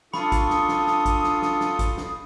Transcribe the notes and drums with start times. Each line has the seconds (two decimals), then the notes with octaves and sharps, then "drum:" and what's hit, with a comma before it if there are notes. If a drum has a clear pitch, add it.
0.14 D4 F4 A4 B5 C#6 D#6, drum: snare
0.32 drum: kick G#1, hi-hat
0.50 drum: snare
0.69 drum: snare
0.87 drum: snare
1.06 drum: kick G#1, hi-hat
1.24 drum: snare
1.42 drum: snare
1.61 drum: snare
1.79 drum: kick G#1, hi-hat
1.97 drum: snare